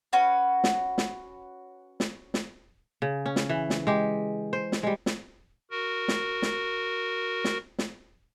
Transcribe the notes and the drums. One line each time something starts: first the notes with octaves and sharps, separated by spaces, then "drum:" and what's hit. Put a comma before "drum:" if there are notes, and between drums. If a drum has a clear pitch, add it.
C#4 F#4 B4
drum: snare
drum: snare
drum: snare
drum: snare
C#3
C#4
drum: snare
E3
drum: snare
G#3 G4
C5
drum: snare
G3 G#3
drum: snare
F#4 A#4
drum: snare
drum: snare
drum: snare
drum: snare